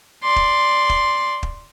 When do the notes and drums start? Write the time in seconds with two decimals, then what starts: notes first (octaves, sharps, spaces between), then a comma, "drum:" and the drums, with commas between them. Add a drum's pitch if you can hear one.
0.23 D5 C6
0.36 drum: kick
0.89 drum: kick
1.43 drum: kick